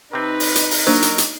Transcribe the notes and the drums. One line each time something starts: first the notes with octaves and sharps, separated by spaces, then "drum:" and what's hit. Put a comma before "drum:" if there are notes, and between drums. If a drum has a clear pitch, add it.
C3 C4 D#4 B4
drum: open hi-hat
drum: hi-hat
drum: open hi-hat
F#3 A#3 D4 A#4 C5
drum: hi-hat
drum: hi-hat